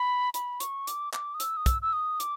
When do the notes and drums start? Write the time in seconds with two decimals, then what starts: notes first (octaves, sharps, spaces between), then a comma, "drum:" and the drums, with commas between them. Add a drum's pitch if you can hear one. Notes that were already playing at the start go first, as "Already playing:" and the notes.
Already playing: B5
0.34 B5, drum: hi-hat
0.60 C#6, drum: hi-hat
0.87 D6, drum: hi-hat
1.13 D6, drum: clap
1.34 D#6
1.40 E6, drum: hi-hat
1.57 D#6
1.66 E6, drum: kick, hi-hat
1.82 E6
1.93 D#6
2.20 D6, drum: hi-hat